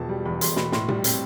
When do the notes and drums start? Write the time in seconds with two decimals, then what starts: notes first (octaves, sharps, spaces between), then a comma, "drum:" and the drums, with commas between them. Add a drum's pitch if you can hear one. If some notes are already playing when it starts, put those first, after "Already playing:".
Already playing: E1 B2 F3 A5
0.09 G3
0.25 E2 B5
0.41 E1 C6, drum: hi-hat
0.56 B2 B5, drum: snare
0.72 A2 C6, drum: snare
0.88 G3, drum: tom A#2
1.04 C4, drum: hi-hat